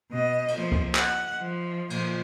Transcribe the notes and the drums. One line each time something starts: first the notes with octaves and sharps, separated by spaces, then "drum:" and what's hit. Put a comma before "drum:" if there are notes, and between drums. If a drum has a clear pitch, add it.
B2 D#5
drum: cymbal
F3 A#3
drum: kick C2
F#5, drum: clap
F3
A#2 F3, drum: cymbal